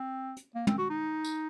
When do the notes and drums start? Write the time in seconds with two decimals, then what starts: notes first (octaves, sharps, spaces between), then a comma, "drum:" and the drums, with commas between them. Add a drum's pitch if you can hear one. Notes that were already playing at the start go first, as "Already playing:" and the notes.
Already playing: C4
0.37 drum: hi-hat
0.55 A#3
0.67 C4, drum: tom
0.78 F#4
0.90 D#4
1.24 drum: tambourine